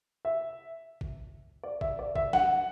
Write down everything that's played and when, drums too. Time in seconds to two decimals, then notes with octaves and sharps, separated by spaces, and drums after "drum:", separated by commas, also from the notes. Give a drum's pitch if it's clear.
0.25 E5
1.01 drum: kick G#1
1.63 D5
1.81 E5, drum: kick G#1
1.99 D5
2.16 E5, drum: kick G#1
2.33 F#5, drum: snare